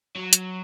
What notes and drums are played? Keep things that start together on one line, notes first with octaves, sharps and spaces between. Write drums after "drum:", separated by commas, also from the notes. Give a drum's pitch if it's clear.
F#3
drum: hi-hat